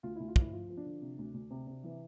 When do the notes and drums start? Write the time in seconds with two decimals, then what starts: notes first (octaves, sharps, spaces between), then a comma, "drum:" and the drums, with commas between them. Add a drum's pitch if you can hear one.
0.03 D2 F4
0.16 D2 E4
0.28 F4
0.36 D2 E4, drum: kick
0.52 F3 F4
0.69 F3
0.77 D4
0.85 D3
1.01 C3
1.19 D2
1.34 D2
1.51 C3
1.67 C3
1.84 E3